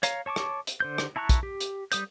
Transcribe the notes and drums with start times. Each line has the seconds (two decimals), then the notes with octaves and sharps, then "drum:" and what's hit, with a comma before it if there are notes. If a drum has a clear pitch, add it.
0.03 C#5 F5 A#5, drum: hi-hat
0.26 C#5 A5 C#6 D6
0.36 drum: rim click
0.67 drum: hi-hat
0.80 D3 C5 G6
0.98 drum: rim click
1.16 E4 A5 A#5 C#6 F#6
1.29 drum: kick, hi-hat
1.43 G4
1.60 drum: hi-hat
1.92 G3 D#6 G6, drum: hi-hat